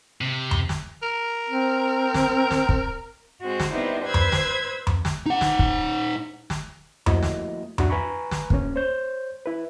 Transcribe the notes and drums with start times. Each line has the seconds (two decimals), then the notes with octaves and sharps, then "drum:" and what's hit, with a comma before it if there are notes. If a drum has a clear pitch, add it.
0.21 C3
0.51 drum: tom F2
0.69 drum: snare
1.02 A#4
1.49 C4
2.14 drum: snare
2.51 drum: snare
2.69 drum: kick
3.41 G#3 C4 F#4
3.60 drum: snare
3.72 G3 B3 C4 D#4 E4
4.04 B4 C5 B5 E6 G#6
4.14 drum: tom F2
4.32 drum: snare
4.87 drum: tom F2
5.05 drum: snare
5.26 D#4 F#5
5.41 drum: snare
5.59 drum: kick
6.50 drum: snare
7.06 F3 A3 A#3 E4 F#4 D#5, drum: tom F2
7.23 drum: snare
7.78 A2 D4 F#4 E5, drum: tom F2
7.90 B4 G#5 A#5 B5 C#6
8.31 drum: snare
8.50 D2 A#3 C#4, drum: kick
8.76 C5 C#5 G6
9.46 E4 B4